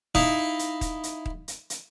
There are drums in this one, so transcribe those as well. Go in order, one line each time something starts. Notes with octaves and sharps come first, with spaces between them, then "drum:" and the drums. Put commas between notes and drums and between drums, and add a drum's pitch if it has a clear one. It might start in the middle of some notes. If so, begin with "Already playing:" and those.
D#4 E4 D#5 F5, drum: kick D#1
drum: hi-hat
drum: kick D#1, hi-hat
drum: hi-hat
drum: kick D#1
drum: hi-hat
drum: hi-hat